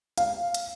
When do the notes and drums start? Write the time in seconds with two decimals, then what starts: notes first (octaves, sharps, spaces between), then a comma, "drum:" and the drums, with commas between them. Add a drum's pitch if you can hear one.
0.18 F5, drum: hi-hat
0.54 drum: hi-hat